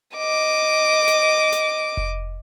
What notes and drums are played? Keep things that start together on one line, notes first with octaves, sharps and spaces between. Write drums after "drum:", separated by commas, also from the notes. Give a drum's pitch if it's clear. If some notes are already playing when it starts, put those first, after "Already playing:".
D#5 D6
drum: snare
drum: snare
drum: kick F1